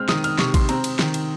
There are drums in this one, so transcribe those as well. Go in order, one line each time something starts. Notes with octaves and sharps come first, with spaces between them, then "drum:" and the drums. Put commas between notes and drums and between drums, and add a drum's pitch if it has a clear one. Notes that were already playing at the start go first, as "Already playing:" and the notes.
Already playing: G#3 C4 F6
D#3 D#6, drum: snare
F6, drum: cymbal
C3 C#6, drum: snare
C6, drum: kick A1, cymbal
C4 A#5, drum: cymbal
drum: cymbal
D#3, drum: snare
drum: cymbal